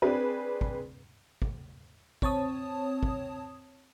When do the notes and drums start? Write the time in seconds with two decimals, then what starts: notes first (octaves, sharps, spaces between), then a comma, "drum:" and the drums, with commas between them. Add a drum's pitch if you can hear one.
0.02 C4 D4 G#4 B4
0.61 drum: kick
1.42 drum: kick
2.22 C4 C#5 A5 D#6, drum: kick
3.03 drum: kick